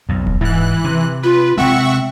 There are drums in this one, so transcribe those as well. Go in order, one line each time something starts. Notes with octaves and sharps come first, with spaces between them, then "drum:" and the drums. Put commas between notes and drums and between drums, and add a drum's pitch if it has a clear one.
B1 F2
drum: kick D#1
G#2 E3 F#6
C3
F4 B4
C3 G#3 C4 E5 F#5 C#6